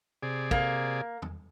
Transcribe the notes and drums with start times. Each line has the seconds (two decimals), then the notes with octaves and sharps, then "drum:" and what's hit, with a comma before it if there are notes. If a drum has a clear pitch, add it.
0.23 C3 G#4 D5
0.51 A#3, drum: kick
1.22 drum: tom